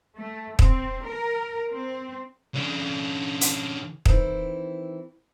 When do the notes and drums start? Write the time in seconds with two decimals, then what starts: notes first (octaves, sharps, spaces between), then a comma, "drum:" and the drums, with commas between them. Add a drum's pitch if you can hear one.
0.17 A3
0.59 C4, drum: kick
1.06 A#4
1.72 C4
2.54 C#3 D4
3.41 drum: hi-hat
4.06 D#3 E3 C4 E4, drum: kick